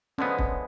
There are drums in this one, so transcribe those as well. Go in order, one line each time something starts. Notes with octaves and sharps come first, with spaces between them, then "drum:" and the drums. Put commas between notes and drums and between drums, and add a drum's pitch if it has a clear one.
D3 F3 G#3 B3 C#4
C#4, drum: kick C#1